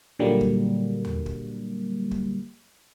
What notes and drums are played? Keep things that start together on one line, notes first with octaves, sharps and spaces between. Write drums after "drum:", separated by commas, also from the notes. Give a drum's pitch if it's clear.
A#2 D3 F#3 G3 A#3
drum: kick
drum: tom D#2
drum: kick
drum: kick